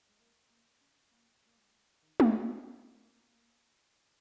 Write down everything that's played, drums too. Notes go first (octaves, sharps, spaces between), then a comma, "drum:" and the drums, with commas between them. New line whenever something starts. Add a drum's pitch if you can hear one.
G#3
A#3
A#3
C#4
A#3
A#3
G#3
D#3
drum: tom G#3
F3
G#3
A#3